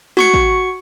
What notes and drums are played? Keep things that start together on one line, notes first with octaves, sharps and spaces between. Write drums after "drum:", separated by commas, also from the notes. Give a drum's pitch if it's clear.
F#4 C#6 C#7, drum: snare
drum: kick